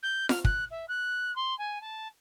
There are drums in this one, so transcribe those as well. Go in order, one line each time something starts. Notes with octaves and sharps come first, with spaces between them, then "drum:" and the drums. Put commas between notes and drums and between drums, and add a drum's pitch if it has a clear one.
G6
F6, drum: snare F4
F#6, drum: kick
E5
F#6
C6
G#5
A5